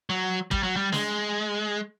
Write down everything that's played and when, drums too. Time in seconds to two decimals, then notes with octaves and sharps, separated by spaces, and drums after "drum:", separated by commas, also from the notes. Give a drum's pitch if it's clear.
0.10 F#3
0.51 G3, drum: kick
0.63 F#3
0.76 G3
0.92 G#3, drum: snare